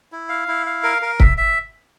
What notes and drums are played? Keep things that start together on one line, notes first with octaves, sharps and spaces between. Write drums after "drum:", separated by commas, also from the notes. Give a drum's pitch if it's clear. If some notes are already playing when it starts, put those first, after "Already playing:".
E4
F5
E4
F5
A#4
A#4
E5, drum: kick C#1
E5